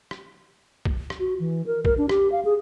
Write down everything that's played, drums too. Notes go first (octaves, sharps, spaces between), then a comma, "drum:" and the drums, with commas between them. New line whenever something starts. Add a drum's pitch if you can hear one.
drum: rim click
drum: kick B1
drum: rim click
F#4
E3
A#4
A#4, drum: kick B1
D4
G4, drum: rim click
F5
G#4